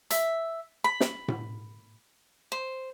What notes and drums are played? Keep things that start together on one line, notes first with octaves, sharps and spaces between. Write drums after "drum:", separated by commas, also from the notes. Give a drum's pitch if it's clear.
E5, drum: hi-hat
B5
drum: snare
drum: tom A2
C5